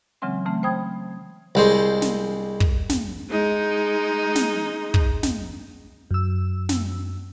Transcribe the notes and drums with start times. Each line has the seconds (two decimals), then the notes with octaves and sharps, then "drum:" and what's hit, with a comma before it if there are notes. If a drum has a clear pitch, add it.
0.22 C#3 E3 F#3 G#3 C4 C#4
0.46 C#3 E3 A3 C4
0.63 C5 G5 B5 D#6 G#6
1.55 C2 G#3 C5
2.02 drum: snare
2.60 drum: kick
2.90 drum: snare
3.29 G#3 D#4
4.35 drum: snare
4.94 drum: kick
5.23 drum: snare
6.11 F#2 E6
6.69 drum: snare